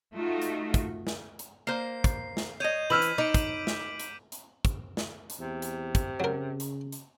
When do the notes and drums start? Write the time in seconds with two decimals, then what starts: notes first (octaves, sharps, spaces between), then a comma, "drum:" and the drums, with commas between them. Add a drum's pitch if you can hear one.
0.14 A3 D#4 F4 F#4
0.42 drum: hi-hat
0.74 drum: kick, hi-hat
1.07 drum: snare
1.39 drum: hi-hat
1.67 A#3 C5 C7
2.04 drum: kick, hi-hat
2.37 drum: snare
2.60 C#5 D#5 G6 D#7
2.90 E3 B5 E6 F6 G6 B6 F#7
3.02 drum: hi-hat
3.18 D#4 D6 D7
3.34 drum: kick, hi-hat
3.67 drum: snare
4.00 drum: hi-hat
4.32 drum: hi-hat
4.65 drum: kick, hi-hat
4.97 drum: snare
5.30 drum: hi-hat
5.39 E2 C3
5.62 drum: hi-hat
5.95 drum: kick, hi-hat
6.20 C#3 F#3 A#4
6.60 drum: hi-hat
6.92 drum: hi-hat